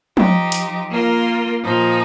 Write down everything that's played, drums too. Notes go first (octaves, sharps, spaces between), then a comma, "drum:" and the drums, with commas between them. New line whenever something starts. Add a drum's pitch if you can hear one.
F3 D#4 G4, drum: tom F3
drum: hi-hat
A#3 F4 A#4
A#2 F3 D#4